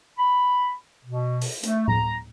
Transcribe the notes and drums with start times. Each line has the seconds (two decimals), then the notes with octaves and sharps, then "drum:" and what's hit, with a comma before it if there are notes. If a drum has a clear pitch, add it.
0.18 B5
1.05 B2
1.41 drum: open hi-hat
1.63 A3, drum: hi-hat
1.88 A#5, drum: tom A2